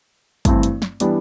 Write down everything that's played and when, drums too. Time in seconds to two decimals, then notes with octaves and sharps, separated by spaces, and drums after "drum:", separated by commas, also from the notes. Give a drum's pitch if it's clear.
0.45 G2 E3 A3 C4, drum: kick, hi-hat
0.63 drum: hi-hat
0.82 drum: snare
1.00 E3 G3 B3 D4, drum: hi-hat